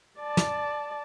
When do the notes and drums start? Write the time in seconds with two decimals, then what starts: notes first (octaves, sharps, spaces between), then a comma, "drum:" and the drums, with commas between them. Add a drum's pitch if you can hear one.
0.20 D5 A5
0.37 drum: snare